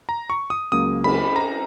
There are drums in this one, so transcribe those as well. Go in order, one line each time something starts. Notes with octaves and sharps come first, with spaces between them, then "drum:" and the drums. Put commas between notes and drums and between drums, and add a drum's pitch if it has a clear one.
A#5
C#6
D#6
C#2 C#3 F#3 A#3 D#6
B5, drum: cymbal
A#5